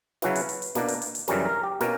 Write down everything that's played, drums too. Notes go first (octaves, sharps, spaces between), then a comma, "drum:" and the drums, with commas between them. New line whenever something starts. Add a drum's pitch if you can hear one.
C#3 F#3 C#4 E4 B4, drum: snare
drum: hi-hat
drum: hi-hat
drum: hi-hat
B2 A#3 D4, drum: snare
drum: hi-hat
drum: hi-hat
drum: hi-hat
F#2 C#3 E3 G3 C#4 A#4, drum: snare
A#4
G4
B2 A#3 C#4 A#4, drum: snare